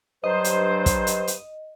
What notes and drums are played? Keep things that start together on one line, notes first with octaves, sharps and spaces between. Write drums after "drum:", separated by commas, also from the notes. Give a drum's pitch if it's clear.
G2 F#3 C5 D#5
drum: hi-hat
drum: kick, hi-hat
drum: hi-hat
drum: hi-hat